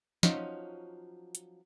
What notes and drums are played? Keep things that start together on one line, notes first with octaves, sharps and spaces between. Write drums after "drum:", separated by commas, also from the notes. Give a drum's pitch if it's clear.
F3 F#3 C#4 D#4, drum: snare
drum: hi-hat